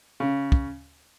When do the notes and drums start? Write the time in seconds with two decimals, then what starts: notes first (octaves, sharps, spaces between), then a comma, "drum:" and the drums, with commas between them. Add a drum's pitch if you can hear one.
0.20 C#3
0.52 drum: kick